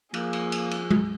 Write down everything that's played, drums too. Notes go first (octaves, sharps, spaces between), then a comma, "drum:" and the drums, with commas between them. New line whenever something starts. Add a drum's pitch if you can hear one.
F3 A#3 G#4, drum: cymbal
drum: cymbal
drum: cymbal
drum: cymbal
drum: tom G#3